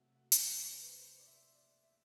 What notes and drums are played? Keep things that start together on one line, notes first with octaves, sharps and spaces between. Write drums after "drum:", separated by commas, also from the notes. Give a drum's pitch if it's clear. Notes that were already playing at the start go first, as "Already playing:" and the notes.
Already playing: C3 F#3 A3 E5 F#5
F#5
A5, drum: hi-hat
G5
C5
C5
B4
C5
D5
E5
D5
E5